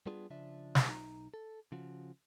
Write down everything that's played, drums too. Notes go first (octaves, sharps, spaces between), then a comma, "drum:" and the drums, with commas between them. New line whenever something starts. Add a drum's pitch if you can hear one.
G3 B3 D4 F4 G#4
C#3 F3 D4 E5
drum: snare
B1 D#4 A#5
A4
C#3 F3 F#4